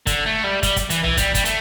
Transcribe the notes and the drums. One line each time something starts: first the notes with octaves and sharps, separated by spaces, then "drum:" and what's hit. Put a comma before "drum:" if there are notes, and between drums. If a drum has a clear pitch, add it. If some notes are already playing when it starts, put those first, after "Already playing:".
D3, drum: kick, hi-hat
A3
G3
G3, drum: kick, hi-hat
drum: kick, hi-hat
E3, drum: hi-hat
E3, drum: tom B1
G3, drum: kick, hi-hat
G3, drum: kick, hi-hat
A3, drum: hi-hat